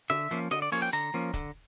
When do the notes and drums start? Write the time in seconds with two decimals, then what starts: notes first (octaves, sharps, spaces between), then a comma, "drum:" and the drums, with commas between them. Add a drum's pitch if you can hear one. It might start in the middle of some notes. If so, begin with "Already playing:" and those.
0.10 D3 E5, drum: snare
0.31 F3 A#3 C#4, drum: hi-hat
0.51 D3 D#5, drum: snare
0.62 D5
0.72 F3 A#3 C#4 C#5, drum: open hi-hat
0.82 G5
0.93 D3 A#5, drum: hi-hat
1.14 F3 A#3 C#4
1.34 D3, drum: kick, hi-hat